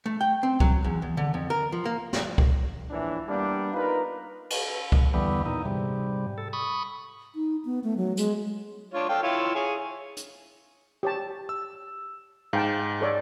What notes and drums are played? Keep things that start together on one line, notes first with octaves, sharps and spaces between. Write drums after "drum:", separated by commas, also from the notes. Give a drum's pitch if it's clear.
A3
G5
C4
F#3, drum: kick C2
E2
E2
D3
F2
A#4
F3
A#3
drum: snare
drum: kick C2
A#1 A2 E3 D4 E4
G3 A#3 B3 D4
D#4 F4 A#4 B4
drum: cymbal
drum: kick C2
E2 D3 E3 G3 B3
A#2 E3 D#4
G#2 C3 G3
A4
B5 C#6 D#6
D#4
B3
A3
F#3
G#3, drum: hi-hat
D4 F4 C#5
A4 F5 G5
E4 F4 C#5
G#4 C#5 G#5
drum: hi-hat
G4 C#5 A5
E6
G#2 F5 G5 A5
A4 C#5 D5